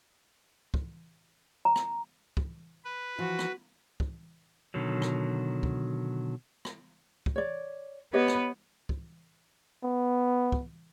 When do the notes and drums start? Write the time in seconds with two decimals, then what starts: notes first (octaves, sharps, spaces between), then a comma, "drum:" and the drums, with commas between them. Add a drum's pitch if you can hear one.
0.74 drum: kick
1.65 A#5
1.76 drum: rim click
2.37 drum: kick
2.85 B4
3.18 E3 F3 F#4
3.39 drum: rim click
4.00 drum: kick
4.74 B2 D3 D#3 F#3
5.02 drum: rim click
5.63 drum: kick
6.65 drum: rim click
7.26 drum: kick
7.36 C#5 D5
8.13 B3 G4 B4 C#5 D#5
8.28 drum: rim click
8.89 drum: kick
9.84 B3
10.52 drum: kick